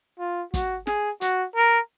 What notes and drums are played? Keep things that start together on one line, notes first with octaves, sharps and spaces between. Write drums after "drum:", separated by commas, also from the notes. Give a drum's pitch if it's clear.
F4
F#4, drum: kick, hi-hat
G#4, drum: snare
F#4, drum: hi-hat
A#4